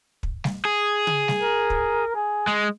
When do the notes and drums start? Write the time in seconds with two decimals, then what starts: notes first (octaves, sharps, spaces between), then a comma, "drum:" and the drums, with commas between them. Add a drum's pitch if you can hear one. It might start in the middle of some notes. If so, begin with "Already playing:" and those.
0.23 drum: kick
0.44 drum: snare G3
0.65 G#4
1.07 drum: tom C#3
1.28 drum: snare G3
1.39 A#4
1.70 drum: kick
2.15 G#4
2.47 G#3